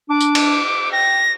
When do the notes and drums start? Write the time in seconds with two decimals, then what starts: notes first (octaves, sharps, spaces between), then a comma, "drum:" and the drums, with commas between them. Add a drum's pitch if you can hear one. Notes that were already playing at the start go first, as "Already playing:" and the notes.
0.09 D4 D6
0.20 drum: tambourine
0.35 drum: cymbal
0.92 G5 A#6